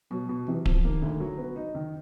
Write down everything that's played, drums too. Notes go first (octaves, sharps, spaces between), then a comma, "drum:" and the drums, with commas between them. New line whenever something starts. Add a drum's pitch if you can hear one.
B2 F#3
B2
C3 E3
F3, drum: kick D1
D#3 A#3
D2
F#3
B3
D#4
D#3